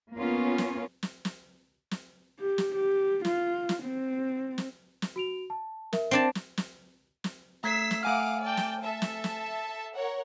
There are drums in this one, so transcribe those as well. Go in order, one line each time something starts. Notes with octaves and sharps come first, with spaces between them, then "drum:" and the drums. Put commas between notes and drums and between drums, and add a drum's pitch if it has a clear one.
A#3 B3 C#4 F4
drum: snare
drum: snare
drum: snare
drum: snare
G4
drum: snare
G4
F4, drum: snare
drum: snare
C4
drum: snare
drum: snare
F#4 D7 F7
A5
A#4 E5, drum: snare
C4 D4 A5
drum: snare
drum: snare
drum: snare
A3 E6 G#6 B6 C7
drum: snare
A3 F5 F#5 G#5 D6 F6
D5 G5 A5
drum: snare
A4 E5 A5
drum: snare
drum: snare
A#4 C#5 F#5